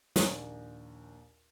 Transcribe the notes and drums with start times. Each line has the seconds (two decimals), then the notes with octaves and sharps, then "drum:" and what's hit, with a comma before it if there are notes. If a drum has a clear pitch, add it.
0.16 A#1 D#2, drum: snare